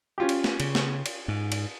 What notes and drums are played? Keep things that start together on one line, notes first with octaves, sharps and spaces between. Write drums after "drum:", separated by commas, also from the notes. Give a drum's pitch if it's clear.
C#4 F4 G4
drum: cymbal
drum: snare
C#3, drum: cymbal
drum: snare
drum: cymbal
G#2
drum: cymbal